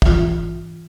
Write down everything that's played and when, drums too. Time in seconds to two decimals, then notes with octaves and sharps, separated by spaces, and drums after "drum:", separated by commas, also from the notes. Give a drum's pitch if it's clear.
0.02 E3 F4, drum: kick